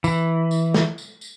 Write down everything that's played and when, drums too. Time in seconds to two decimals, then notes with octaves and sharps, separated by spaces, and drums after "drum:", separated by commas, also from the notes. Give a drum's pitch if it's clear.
0.04 E3, drum: tambourine
0.51 drum: tambourine
0.74 drum: snare
0.98 drum: tambourine
1.21 drum: tambourine